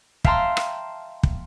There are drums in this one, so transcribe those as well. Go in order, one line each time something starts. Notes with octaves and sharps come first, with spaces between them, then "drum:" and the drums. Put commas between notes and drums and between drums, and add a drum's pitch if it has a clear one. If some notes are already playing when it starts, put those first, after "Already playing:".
E5 F5 G5 A5 A#5 C6, drum: kick
drum: rim click
drum: kick